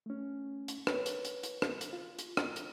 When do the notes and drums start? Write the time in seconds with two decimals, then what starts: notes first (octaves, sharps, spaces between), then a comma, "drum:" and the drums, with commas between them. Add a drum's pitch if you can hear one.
0.06 A3 C#4
0.68 drum: hi-hat
0.87 B4 C#5, drum: rim click
1.06 drum: hi-hat
1.25 drum: hi-hat
1.43 drum: hi-hat
1.62 drum: rim click
1.81 drum: hi-hat
1.93 F4
2.19 drum: hi-hat
2.37 drum: rim click
2.56 drum: hi-hat